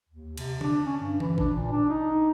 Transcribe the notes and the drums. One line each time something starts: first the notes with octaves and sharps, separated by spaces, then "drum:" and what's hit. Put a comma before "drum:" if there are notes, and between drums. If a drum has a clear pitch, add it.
D#2
C3, drum: cymbal
D4, drum: tom D3
C#4
G2
E3, drum: tom D3
D4, drum: kick G#1
A#2
D4
D#4